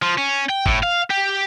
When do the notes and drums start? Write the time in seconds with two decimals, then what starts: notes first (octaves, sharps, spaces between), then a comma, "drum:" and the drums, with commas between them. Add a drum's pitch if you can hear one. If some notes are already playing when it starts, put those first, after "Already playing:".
0.02 F3
0.18 C#4
0.50 G5
0.66 A2, drum: kick
0.83 F5
1.10 G4